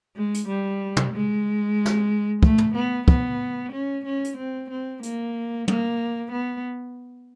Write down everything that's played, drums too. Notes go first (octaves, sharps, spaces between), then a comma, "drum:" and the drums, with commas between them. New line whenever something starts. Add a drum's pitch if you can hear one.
G#3
drum: hi-hat
G3
drum: tom
G#3
drum: snare
A3, drum: kick
drum: tom
B3
B3, drum: kick
C#4
C#4
drum: hi-hat
C4
C4
A#3, drum: hi-hat
A#3, drum: tom
B3